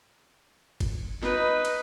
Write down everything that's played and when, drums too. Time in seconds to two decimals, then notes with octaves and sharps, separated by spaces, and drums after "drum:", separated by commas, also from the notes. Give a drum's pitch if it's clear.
0.80 drum: kick G1, cymbal
1.23 D#4 B4, drum: snare
1.65 drum: cymbal